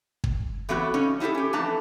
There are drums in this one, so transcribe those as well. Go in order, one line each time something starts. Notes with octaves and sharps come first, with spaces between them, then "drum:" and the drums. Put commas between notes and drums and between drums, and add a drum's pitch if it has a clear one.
drum: kick
E3 F#3 A3 B3 C4 F#4
C#3 C#4 D#4
D#4 E4 F#4 G4 A4
C#4 G4
F2 E3 A3 D4 A5 A#5